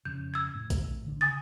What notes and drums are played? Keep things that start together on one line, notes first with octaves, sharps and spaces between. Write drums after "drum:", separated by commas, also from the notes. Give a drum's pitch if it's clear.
F2 C#3 G6
E6 G#6
A2
drum: kick A#1, hi-hat
D3 D4
C#3 G#5 D#6 A6